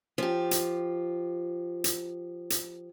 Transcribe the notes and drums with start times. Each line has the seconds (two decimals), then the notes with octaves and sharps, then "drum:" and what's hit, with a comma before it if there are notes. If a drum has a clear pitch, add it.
0.18 F3 G4
0.51 drum: hi-hat
1.84 drum: hi-hat
2.50 drum: hi-hat